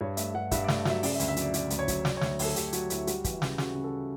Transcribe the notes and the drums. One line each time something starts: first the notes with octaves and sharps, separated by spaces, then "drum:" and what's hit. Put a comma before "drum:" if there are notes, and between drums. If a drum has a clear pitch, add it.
G2 C#5
A3 E5, drum: hi-hat
G2 F#5
G2 E5, drum: kick, hi-hat
D5
A3, drum: snare
F#3 E5, drum: snare
C#3 D5, drum: open hi-hat
E5
D2, drum: hi-hat
E5
F#3 D5, drum: hi-hat
F#3 D5, drum: hi-hat
D2, drum: hi-hat
C#5
F#3, drum: kick, hi-hat
F#3 D5, drum: snare
C#5
D2, drum: snare
D2 A4, drum: open hi-hat
D2 G4, drum: hi-hat
F#3 F#4, drum: hi-hat
D2 E4, drum: hi-hat
G3 F#4, drum: hi-hat
E3, drum: kick, hi-hat
E4
C#3, drum: snare
C#3 F#4, drum: snare
C#3
A4